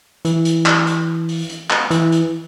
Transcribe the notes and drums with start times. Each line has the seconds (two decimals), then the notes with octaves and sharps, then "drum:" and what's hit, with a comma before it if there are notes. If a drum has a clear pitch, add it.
0.25 E3, drum: hi-hat
0.45 drum: hi-hat
0.66 drum: clap
0.87 drum: hi-hat
1.29 drum: open hi-hat
1.49 drum: hi-hat
1.70 drum: clap
1.91 E3, drum: hi-hat
2.12 drum: hi-hat